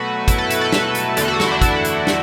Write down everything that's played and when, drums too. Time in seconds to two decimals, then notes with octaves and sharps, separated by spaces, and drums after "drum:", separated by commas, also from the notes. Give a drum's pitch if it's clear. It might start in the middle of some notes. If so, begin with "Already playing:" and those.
Already playing: B2 F#3 A3 F#4 B4
0.28 E4, drum: kick, hi-hat
0.38 A4
0.50 B4, drum: hi-hat
0.61 A4
0.72 B4, drum: snare
0.95 drum: hi-hat
1.17 E2 D3 A3 A4, drum: hi-hat
1.28 F#4
1.40 E4, drum: snare
1.51 D4
1.62 E4, drum: kick, hi-hat
1.84 drum: hi-hat
2.07 drum: snare